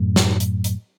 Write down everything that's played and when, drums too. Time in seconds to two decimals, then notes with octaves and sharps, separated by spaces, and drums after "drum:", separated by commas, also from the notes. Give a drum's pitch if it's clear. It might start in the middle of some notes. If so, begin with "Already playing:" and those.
Already playing: F#2 A2
0.16 drum: snare
0.40 drum: hi-hat
0.64 drum: hi-hat